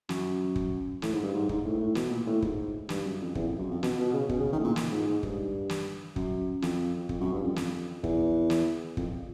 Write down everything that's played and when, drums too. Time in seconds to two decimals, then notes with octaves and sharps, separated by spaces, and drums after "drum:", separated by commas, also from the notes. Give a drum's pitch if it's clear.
0.09 F#2, drum: snare
0.56 drum: kick
1.02 A2, drum: snare
1.12 G#2
1.23 G2
1.34 G#2
1.49 G#2, drum: kick
1.65 A2
1.81 A2
1.95 B2, drum: snare
2.11 A#2
2.27 A2
2.42 G#2, drum: kick
2.89 G2, drum: snare
3.05 F#2
3.21 F2
3.35 E2, drum: kick
3.48 F2
3.59 F#2
3.71 F2
3.83 B2, drum: snare
3.99 B2
4.14 C#3
4.29 B2, drum: kick
4.40 C#3
4.53 D#3
4.59 A2
4.64 A#2
4.76 drum: snare
4.92 G#2
5.07 G#2
5.23 G2, drum: kick
5.69 drum: snare
6.16 F#2, drum: kick
6.62 F2, drum: snare
7.09 F2, drum: kick
7.21 F#2
7.33 G2
7.44 F2
7.56 drum: snare
8.04 E2, drum: kick
8.50 drum: snare
8.97 F2, drum: kick